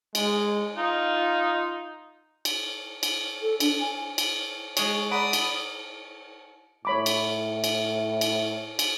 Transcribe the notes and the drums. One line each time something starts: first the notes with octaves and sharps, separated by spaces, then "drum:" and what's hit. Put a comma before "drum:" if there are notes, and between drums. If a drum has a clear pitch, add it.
G#3, drum: cymbal
D#4 F4
drum: cymbal
drum: cymbal
A4
D4, drum: cymbal
G#5
drum: cymbal
G#3 G#4 C#5, drum: cymbal
D5 F#5 A#5 B5 D#6 D7
drum: cymbal
A2 C#5 B5 D6
drum: cymbal
drum: cymbal
drum: cymbal
drum: cymbal